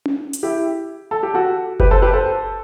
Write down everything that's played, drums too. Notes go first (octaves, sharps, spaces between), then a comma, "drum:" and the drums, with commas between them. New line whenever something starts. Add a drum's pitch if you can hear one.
drum: tom C#4
drum: hi-hat
E4 G4
A4
G4
F#4 A4
G4 B4, drum: kick F#1
A4 C5
G4 B4
A4 C5